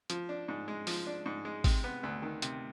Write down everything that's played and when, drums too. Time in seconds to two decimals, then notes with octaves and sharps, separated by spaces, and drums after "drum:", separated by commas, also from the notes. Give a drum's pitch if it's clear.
0.10 F3, drum: hi-hat
0.29 D4
0.48 G#2
0.68 G#3
0.87 F3, drum: open hi-hat
1.07 D4
1.26 G#2
1.45 G#3
1.64 C3, drum: kick G#1, open hi-hat
1.84 B3
2.03 D2
2.22 D#3
2.42 C3, drum: hi-hat